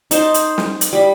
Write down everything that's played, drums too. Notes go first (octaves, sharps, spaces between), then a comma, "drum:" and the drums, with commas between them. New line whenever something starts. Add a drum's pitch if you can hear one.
D#4 C5 A5, drum: hi-hat
drum: hi-hat
drum: snare
drum: hi-hat
G3 B5